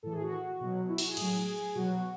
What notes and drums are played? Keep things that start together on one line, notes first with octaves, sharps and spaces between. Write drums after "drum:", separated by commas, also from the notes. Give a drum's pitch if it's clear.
A2 E3 A4
G#4
F#4
B2 F#3
E4
F#4, drum: open hi-hat
G#4
A2 F#3, drum: cymbal
B2 F#3 F#4